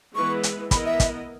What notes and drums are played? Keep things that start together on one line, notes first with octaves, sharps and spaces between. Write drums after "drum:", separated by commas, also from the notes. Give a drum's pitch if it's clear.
E3 G#3 B3 E4 B4 C#6
drum: hi-hat
B3 E4 A#4 D#5 B5, drum: kick, hi-hat
E5
drum: kick, hi-hat